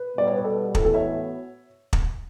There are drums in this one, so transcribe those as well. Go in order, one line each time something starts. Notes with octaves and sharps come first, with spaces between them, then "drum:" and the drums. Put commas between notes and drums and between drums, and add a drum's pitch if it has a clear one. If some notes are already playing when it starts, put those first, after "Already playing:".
Already playing: B4
B2 G3 B3 D5
C#5
B4
A4
A2 E3 B3 F#4 A4, drum: kick
A4
C#5 E5
drum: kick